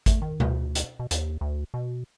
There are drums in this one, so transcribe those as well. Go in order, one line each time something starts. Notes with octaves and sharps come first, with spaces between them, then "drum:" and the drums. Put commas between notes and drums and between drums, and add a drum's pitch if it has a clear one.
A3, drum: kick G#1, hi-hat
D#3
D2, drum: tom B2
drum: hi-hat
B2
D#2, drum: hi-hat
D2
B2